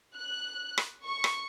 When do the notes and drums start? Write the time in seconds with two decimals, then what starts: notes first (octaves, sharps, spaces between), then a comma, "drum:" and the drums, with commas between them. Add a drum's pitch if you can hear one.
0.16 F#6
0.78 drum: rim click
1.04 C#6
1.24 drum: rim click